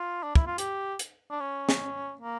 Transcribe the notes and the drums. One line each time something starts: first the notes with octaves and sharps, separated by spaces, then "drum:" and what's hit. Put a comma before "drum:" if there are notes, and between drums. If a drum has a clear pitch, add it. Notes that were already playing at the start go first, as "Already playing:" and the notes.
Already playing: F4
D4
E4, drum: kick
F4
G4, drum: hi-hat
drum: hi-hat
D4
C#4
drum: snare
A#3